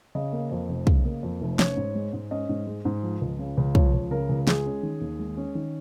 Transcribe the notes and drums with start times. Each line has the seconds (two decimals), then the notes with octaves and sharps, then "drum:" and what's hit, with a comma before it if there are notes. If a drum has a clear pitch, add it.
0.15 C#3 D#5
0.33 A#3
0.51 F2
0.69 F1
0.87 C#3, drum: kick
1.05 A#3
1.23 F2
1.41 F1
1.59 C#4 C#5, drum: snare
1.77 G#2
1.95 G#3
2.13 G#2
2.31 C#4 D#5
2.49 G#2
2.67 G#3
2.85 G#2
3.03 F3
3.21 C#2
3.39 C#3
3.57 C#2
3.75 F3 C#5, drum: kick
3.94 C#2
4.11 C#3 A#4
4.29 C#2
4.47 G#3 G#4, drum: snare
4.66 C#4
4.83 D#3
5.01 D#2
5.19 G#3
5.37 C#4
5.55 D#3